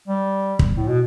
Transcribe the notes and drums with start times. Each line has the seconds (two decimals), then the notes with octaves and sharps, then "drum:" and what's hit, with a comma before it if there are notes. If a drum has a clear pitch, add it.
0.08 G3
0.59 drum: kick
0.76 A2
0.88 B2